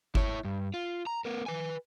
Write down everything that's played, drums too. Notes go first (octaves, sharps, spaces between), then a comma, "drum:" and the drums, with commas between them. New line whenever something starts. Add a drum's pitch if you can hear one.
E4 C#5, drum: kick G1
G2
F4
A#5
B3 A#4
B4 G#5